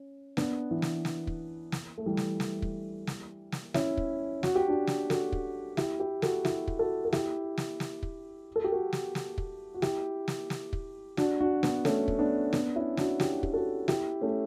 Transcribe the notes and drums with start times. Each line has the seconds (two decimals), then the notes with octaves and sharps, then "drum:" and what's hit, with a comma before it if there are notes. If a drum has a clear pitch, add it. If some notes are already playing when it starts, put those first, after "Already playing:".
Already playing: C#4
0.37 B3 D4, drum: snare
0.71 E3
0.82 drum: snare
1.05 drum: snare
1.27 drum: kick
1.72 drum: snare
1.98 A3
2.06 E3 G3
2.17 drum: snare
2.40 drum: snare
2.62 drum: kick
3.07 drum: snare
3.52 drum: snare
3.74 C#4 E4, drum: snare
3.97 drum: kick
4.43 F#4, drum: snare
4.55 G4
4.68 D4 F#4
4.87 drum: snare
5.10 F#4 A4, drum: snare
5.32 drum: kick
5.77 E4 G4, drum: snare
6.00 E4 G4
6.22 F#4 A4, drum: snare
6.45 E4 G4, drum: snare
6.68 drum: kick
6.79 F#4 A4
7.05 A4
7.13 E4 G4, drum: snare
7.58 drum: snare
7.80 drum: snare
8.03 drum: kick
8.56 A4
8.64 G4
8.72 F#4 A4
8.93 drum: snare
9.15 drum: snare
9.38 drum: kick
9.74 F#4
9.82 E4 G4, drum: snare
10.28 drum: snare
10.50 drum: snare
10.73 drum: kick
11.17 D4 F#4, drum: snare
11.40 D4 F#4
11.63 B3 D4, drum: snare
11.85 A3 C#4, drum: snare
12.08 drum: kick
12.19 B3 D4
12.53 B3 D4, drum: snare
12.76 C#4 E4
12.97 D4 F#4, drum: snare
13.20 E4 G4, drum: snare
13.43 G4, drum: kick
13.54 F#4 A4
13.88 E4 G4, drum: snare
14.21 A3 C#4